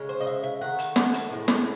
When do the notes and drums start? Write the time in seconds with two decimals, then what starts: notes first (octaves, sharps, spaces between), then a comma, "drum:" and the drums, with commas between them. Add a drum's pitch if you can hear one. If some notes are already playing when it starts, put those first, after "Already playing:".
Already playing: C#3 G#3
0.09 C5
0.20 D#5
0.27 E5
0.43 E5
0.61 D#3 A3 F#5
0.78 drum: hi-hat
0.96 drum: snare
1.13 drum: hi-hat
1.30 A2 E3 G#3
1.48 drum: snare